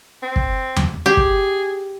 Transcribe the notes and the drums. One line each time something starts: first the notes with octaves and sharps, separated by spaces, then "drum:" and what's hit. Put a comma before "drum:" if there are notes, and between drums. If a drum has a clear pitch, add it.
C4
drum: kick
drum: tom E2
G4 G#4
drum: kick